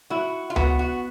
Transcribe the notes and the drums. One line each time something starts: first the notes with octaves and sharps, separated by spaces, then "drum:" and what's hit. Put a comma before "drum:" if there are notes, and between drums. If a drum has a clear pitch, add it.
E4 F#4
F4
B3 F#4, drum: tom C#2
F#4